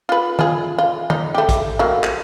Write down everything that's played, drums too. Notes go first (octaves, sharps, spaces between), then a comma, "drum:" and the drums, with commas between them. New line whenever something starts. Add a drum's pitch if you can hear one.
F4 B4
F4 G#4, drum: tom D#3
F4
D#4, drum: tom D#3
A3 G4
drum: kick A#1, hi-hat
F#3 A3 A#3
drum: clap